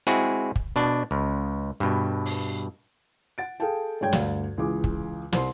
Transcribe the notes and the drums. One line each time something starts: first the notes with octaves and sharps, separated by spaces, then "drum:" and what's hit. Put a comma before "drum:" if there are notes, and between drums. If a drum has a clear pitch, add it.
G#3 C4 E4 F#4 G#4, drum: hi-hat
drum: kick
B2 D4
C#2
G2 B2
drum: open hi-hat
F#5 A6 D7
G#4 A4 F5 G5 A5
G2 G#3 C#5 G5 G#6
D2 G2 F5, drum: snare
C#2 E3 G#4 D6
drum: kick
C2 C5 C6, drum: snare